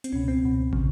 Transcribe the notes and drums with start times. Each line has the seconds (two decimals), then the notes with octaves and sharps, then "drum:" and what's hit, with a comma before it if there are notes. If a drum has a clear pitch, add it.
0.04 C4, drum: hi-hat
0.12 C#2 B2 C#4
0.28 C4
0.43 C#2 B2
0.73 C#3 F3, drum: kick